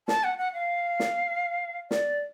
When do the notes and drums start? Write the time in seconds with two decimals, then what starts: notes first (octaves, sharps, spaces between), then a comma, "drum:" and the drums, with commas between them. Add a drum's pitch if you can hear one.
0.08 A5, drum: snare
0.24 F#5
0.38 F#5
0.54 F5
1.00 drum: snare
1.91 D5, drum: snare